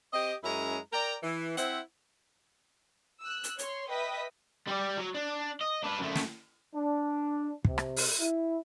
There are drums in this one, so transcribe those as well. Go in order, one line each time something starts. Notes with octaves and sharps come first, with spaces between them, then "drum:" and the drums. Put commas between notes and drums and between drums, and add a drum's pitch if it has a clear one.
C4 G4 D#5
F#2 G#3 C#4 E4 A#5
A#4 D5 G5 A#5
E3
C4 E4 C5 E5 F#5, drum: hi-hat
E6 F#6
drum: hi-hat
C#5 C6, drum: hi-hat
B4 D#5 E5 G5 D#6 B6
G3 D5
F#3
D4
D#5
D4 B4
F#2 A3
drum: snare
D4
C3, drum: kick
drum: rim click
drum: open hi-hat
E4